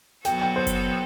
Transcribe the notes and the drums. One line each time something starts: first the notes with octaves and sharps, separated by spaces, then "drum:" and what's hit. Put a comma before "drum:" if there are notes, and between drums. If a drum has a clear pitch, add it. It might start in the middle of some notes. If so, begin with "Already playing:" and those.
B2 F#3 B3 F#4 A4 G5, drum: snare
G5
C5
drum: kick F#1, hi-hat